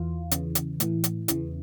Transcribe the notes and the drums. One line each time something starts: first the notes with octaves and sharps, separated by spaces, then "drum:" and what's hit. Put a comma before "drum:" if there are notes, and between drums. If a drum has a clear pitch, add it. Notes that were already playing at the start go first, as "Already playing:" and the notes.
Already playing: E2 E3 F4
E2 C#3 E3, drum: hi-hat
drum: hi-hat
A2 E3, drum: hi-hat
drum: hi-hat
E2 C#3 E3, drum: hi-hat